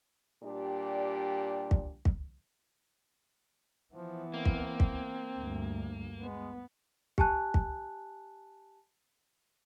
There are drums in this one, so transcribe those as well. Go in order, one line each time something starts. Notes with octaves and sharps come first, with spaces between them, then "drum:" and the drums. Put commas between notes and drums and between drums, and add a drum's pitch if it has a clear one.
A#2 G3 D4 G4
drum: kick
drum: kick
E3 F3 B3
A#3 C4
drum: kick
drum: kick
D2 G2
G#3 B3
G4 G#5 A5 F#6, drum: kick
drum: kick